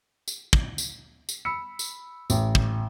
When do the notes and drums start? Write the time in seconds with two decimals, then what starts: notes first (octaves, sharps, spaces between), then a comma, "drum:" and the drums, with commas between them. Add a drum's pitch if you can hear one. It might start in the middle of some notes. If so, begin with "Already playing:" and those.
0.28 drum: tambourine
0.53 drum: kick
0.78 drum: tambourine
1.29 drum: tambourine
1.45 B5 E6 C#7
1.79 drum: tambourine
2.30 A1, drum: tambourine
2.55 drum: kick